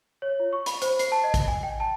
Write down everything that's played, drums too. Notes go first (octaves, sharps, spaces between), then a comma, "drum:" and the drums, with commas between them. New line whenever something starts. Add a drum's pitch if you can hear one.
C#5
F4
C#6
B5, drum: hi-hat
C5, drum: hi-hat
C7, drum: hi-hat
A5
D#5
drum: kick A1, hi-hat
G#5
G5
A5